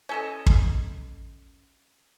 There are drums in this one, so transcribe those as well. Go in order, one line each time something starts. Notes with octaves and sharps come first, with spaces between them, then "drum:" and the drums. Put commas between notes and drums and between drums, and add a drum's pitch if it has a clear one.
C#4 A4 D#5
drum: kick